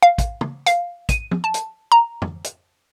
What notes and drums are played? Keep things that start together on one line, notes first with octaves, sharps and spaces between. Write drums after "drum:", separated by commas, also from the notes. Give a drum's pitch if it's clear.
F5
drum: kick, hi-hat
drum: tom
F5, drum: hi-hat
D#7, drum: kick, hi-hat
drum: tom
A5
drum: hi-hat
A#5
drum: tom
drum: hi-hat